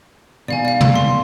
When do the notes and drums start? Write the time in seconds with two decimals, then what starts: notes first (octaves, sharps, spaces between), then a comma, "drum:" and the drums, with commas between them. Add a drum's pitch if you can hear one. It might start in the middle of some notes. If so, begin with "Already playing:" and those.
0.48 B2 D#3 G3 D5 F5 G#5
0.65 D5 F5
0.81 drum: tom
0.96 A3 B3 C6